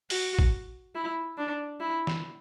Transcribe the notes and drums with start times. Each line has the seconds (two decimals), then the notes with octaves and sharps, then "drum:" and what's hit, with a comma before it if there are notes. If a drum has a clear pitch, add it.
0.10 F#4, drum: open hi-hat
0.39 drum: kick A1
0.95 E4
1.38 D4
1.80 E4
2.07 drum: snare